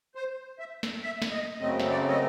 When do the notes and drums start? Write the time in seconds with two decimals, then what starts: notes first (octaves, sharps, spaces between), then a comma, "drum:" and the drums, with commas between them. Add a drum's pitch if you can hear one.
0.15 C5
0.59 E5
0.83 drum: snare
1.02 E5
1.22 drum: snare
1.31 D#5
1.60 F#2 C#3 F#3 A3 C4 D#5
1.80 drum: snare
1.89 D5
2.08 D#5